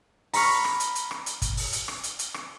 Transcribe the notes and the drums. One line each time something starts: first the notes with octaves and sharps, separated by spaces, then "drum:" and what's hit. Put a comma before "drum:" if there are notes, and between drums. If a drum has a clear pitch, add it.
A#5 B5 C#6 F6 A#6, drum: open hi-hat
drum: rim click
drum: hi-hat
drum: hi-hat
drum: rim click
drum: hi-hat
drum: kick, hi-hat
drum: open hi-hat
drum: hi-hat
drum: rim click
drum: hi-hat
drum: hi-hat
drum: rim click